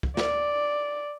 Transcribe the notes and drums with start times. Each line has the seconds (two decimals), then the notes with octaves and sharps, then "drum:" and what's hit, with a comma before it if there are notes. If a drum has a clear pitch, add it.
0.03 drum: kick
0.17 D5, drum: snare